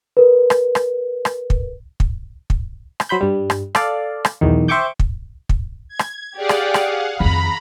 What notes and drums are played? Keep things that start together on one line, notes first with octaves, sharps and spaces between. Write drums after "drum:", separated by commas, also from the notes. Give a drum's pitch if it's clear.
A#4 B4
drum: rim click
drum: rim click
drum: rim click
drum: kick
drum: kick
drum: kick
drum: rim click
F#3 C5 B5 G6
G2 G3
drum: rim click
A4 D5 F5, drum: rim click
drum: rim click
B1 E2 D#3
C5 E5 G5 C#6 D6 G6
drum: kick
drum: kick
G#6
drum: rim click
G4 G#4 D5 F5 F#5
drum: rim click
drum: rim click
F2 D#3 A#5 B5